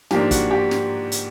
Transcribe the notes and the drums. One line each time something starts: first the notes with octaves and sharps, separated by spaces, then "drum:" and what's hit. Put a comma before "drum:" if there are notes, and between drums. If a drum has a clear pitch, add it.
G#2 F3 A#3 D4 G4, drum: snare
F#4, drum: kick, hi-hat
G4
drum: snare
drum: hi-hat